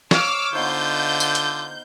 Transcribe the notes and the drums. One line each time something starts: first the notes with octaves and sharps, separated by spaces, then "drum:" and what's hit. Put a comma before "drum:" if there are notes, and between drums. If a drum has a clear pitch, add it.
C#5 F5 D6 E6 F6, drum: snare
D3 B3 D#4 F4 C5 G6
drum: tambourine
drum: hi-hat